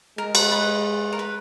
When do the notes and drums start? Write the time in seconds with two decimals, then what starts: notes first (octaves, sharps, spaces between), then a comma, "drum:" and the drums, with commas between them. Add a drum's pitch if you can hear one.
0.18 G#3 A#4
0.35 B4, drum: cymbal
0.52 B4
1.13 A#4
1.19 B4